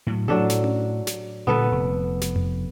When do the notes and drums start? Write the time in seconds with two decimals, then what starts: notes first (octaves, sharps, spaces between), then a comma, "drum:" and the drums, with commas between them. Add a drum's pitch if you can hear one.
0.07 A2 F#3
0.28 A2 F#3 D4 A4
0.50 drum: snare
0.64 drum: tom C#4
1.07 drum: snare
1.47 A#2 D3 G3 B3 A4 B4
1.72 F1
2.21 drum: snare
2.36 drum: tom F2